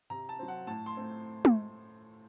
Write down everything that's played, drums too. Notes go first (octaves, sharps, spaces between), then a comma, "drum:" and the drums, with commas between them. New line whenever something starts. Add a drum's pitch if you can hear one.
C3 A#5
A5
F#3 C4
F#5
A2 A5
C6
A3 C4
drum: tom